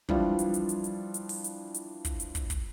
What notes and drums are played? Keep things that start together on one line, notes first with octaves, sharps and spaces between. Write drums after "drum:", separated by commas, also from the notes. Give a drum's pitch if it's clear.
E3 F3 G3 D4 F4, drum: kick
drum: hi-hat
drum: hi-hat
drum: hi-hat
drum: hi-hat
drum: hi-hat
drum: open hi-hat
drum: hi-hat
drum: hi-hat
drum: kick, hi-hat
drum: hi-hat
drum: kick, hi-hat
drum: kick, hi-hat